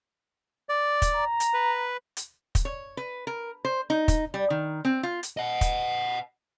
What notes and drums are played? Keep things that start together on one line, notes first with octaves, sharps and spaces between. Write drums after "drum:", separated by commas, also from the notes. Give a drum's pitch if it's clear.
D5
drum: kick, hi-hat
A#5
drum: hi-hat
B4
drum: hi-hat
drum: kick, hi-hat
C#5
B4
A#4
C5
D#4
drum: kick, hi-hat
G3
D#3
C4
F4
drum: hi-hat
D#5 F#5
drum: kick, hi-hat